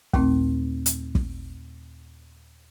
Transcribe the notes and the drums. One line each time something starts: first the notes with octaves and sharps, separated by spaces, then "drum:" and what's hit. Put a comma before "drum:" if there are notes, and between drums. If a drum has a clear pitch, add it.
D#2 A#2 A3 C4, drum: kick
drum: hi-hat
drum: kick